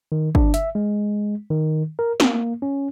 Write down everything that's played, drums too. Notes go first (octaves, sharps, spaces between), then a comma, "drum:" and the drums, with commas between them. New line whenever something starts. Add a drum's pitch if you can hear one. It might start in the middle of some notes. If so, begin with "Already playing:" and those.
D#3
D4, drum: kick
E5, drum: hi-hat
G#3
D#3
A#4
A#3, drum: snare
C#4